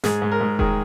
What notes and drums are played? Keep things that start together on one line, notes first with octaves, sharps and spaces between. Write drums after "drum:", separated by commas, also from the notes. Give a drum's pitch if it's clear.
G#2 G#4, drum: snare
G#2
A#4
G#2
D#3 G#4, drum: kick E1